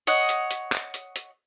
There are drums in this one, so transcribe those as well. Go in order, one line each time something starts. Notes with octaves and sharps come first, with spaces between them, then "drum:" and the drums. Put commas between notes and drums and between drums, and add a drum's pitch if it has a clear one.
C#5 D#5 F#5, drum: hi-hat
drum: hi-hat
drum: hi-hat
drum: clap
drum: hi-hat
drum: hi-hat